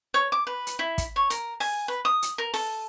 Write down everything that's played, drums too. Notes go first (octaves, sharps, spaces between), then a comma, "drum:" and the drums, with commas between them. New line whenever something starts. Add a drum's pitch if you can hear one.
C#5
D6
B4
drum: hi-hat
E4
drum: kick, hi-hat
C#5
A#4, drum: hi-hat
G#5, drum: open hi-hat
B4
D#6
drum: hi-hat
A#4
A4, drum: open hi-hat